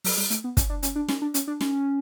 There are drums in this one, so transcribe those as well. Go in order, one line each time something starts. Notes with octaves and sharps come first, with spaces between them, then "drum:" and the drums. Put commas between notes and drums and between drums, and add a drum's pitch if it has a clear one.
F#3, drum: open hi-hat
G3
A3, drum: hi-hat
B3
C#4, drum: kick, hi-hat
D4
C#4, drum: hi-hat
D4
C#4, drum: snare
D4
C#4, drum: hi-hat
D4
C#4, drum: snare